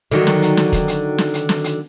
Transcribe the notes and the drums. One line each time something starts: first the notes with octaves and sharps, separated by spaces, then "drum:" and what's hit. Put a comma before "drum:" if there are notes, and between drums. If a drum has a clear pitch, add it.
D3 D#3 F#3
drum: snare
drum: hi-hat
drum: snare
drum: kick, hi-hat
drum: hi-hat
drum: snare
drum: hi-hat
drum: snare
drum: hi-hat